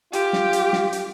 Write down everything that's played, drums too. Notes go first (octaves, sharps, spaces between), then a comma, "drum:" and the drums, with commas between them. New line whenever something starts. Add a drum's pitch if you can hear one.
F4 G4, drum: hi-hat
drum: snare
drum: hi-hat
drum: snare
drum: hi-hat